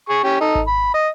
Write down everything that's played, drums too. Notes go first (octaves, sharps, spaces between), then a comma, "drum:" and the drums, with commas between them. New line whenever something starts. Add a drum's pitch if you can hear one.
G#4 C#6
C#4 G4
D#4 A4
drum: kick G#1
B5
D#5